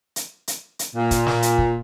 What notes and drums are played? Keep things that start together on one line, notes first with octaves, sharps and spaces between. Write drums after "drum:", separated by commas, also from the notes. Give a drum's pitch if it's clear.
drum: hi-hat
drum: hi-hat
drum: hi-hat
A#2
drum: kick, hi-hat
drum: snare
drum: hi-hat
drum: kick